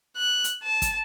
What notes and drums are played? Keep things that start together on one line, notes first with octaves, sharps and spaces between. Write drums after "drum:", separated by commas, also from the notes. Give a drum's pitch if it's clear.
F#6
drum: hi-hat
A5
drum: kick, hi-hat